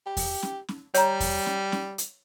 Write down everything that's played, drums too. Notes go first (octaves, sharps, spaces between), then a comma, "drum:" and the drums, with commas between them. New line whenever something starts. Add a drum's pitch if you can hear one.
G4
drum: kick E2, open hi-hat
drum: snare C#4
drum: snare C#4
G3 C#5 A#5, drum: hi-hat
drum: kick E2, open hi-hat
drum: snare C#4
drum: snare C#4
drum: hi-hat